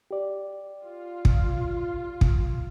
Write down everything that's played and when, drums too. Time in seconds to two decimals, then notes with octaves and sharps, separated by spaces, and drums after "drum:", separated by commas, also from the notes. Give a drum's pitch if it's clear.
0.11 G4 D5
0.84 F4
1.25 drum: kick
2.21 drum: kick